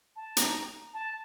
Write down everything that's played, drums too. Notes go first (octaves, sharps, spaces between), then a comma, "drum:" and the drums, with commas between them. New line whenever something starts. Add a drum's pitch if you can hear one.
A5
A#5, drum: hi-hat
A5